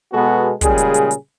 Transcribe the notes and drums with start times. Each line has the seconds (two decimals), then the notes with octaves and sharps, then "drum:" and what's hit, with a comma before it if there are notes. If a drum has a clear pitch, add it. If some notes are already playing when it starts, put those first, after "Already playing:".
0.13 B2 G#3 B3 F#4 G#4 A4
0.61 A#2 C#3 G3 G#3 G#4, drum: kick, hi-hat
0.78 drum: hi-hat
0.94 drum: hi-hat
1.11 drum: hi-hat